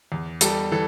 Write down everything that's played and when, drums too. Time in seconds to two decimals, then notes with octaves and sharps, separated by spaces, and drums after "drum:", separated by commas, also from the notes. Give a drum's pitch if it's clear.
0.12 E2
0.41 G3 A4, drum: hi-hat
0.72 E3 A4